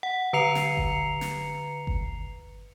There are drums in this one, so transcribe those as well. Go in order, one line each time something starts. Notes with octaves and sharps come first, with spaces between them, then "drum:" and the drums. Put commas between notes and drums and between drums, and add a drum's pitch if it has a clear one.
F#5
D3 B4 A#5 C7 C#7 F7
drum: snare
drum: kick G1
drum: snare
drum: kick G1